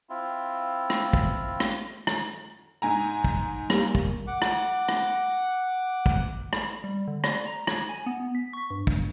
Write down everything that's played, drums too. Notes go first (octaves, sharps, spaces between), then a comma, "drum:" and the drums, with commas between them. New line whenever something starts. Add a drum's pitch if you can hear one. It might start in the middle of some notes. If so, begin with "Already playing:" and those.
C4 E4 F4
drum: rim click
drum: kick
drum: rim click
drum: rim click
G#2 G#5 A#5
drum: kick
G3 A#3, drum: rim click
drum: kick
F#5 D6
drum: rim click
drum: rim click
drum: kick
drum: rim click
G3
D3
D5, drum: rim click
A#5
G#6, drum: rim click
G#5
B3
B6
C#6
G2
drum: kick